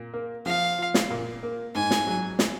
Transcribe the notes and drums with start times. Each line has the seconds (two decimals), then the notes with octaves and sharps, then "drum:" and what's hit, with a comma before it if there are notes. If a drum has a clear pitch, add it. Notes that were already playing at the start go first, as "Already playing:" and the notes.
Already playing: A#2
0.14 A#3
0.46 F3 F5
0.79 F4
0.94 drum: snare
1.11 A#2
1.43 A#3
1.75 G#2 G#5
1.91 drum: snare
2.07 F#3
2.39 drum: snare